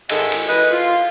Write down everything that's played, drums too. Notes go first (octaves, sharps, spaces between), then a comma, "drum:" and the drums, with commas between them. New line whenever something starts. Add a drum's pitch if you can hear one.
G#2 D#3 G#3 A4 E5 F#5, drum: cymbal
drum: cymbal
E3 B4 D#5
F4